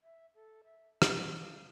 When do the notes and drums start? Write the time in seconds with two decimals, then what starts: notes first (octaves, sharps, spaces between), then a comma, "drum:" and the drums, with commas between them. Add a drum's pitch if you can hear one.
0.03 E5
0.35 A4
0.64 E5
1.02 E4, drum: rim click
1.40 F5